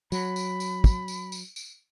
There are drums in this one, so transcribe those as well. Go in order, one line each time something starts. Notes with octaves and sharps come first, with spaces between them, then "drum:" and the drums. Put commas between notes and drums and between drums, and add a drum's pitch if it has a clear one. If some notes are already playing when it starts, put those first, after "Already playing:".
F#3 B5, drum: tambourine
drum: tambourine
drum: tambourine
drum: kick, tambourine
drum: tambourine
drum: tambourine
drum: tambourine